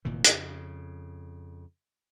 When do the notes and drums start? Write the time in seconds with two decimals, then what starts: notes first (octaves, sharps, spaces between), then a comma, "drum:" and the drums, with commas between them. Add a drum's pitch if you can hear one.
0.05 F1 A#2 D#3 E3
0.24 F2 C#3, drum: hi-hat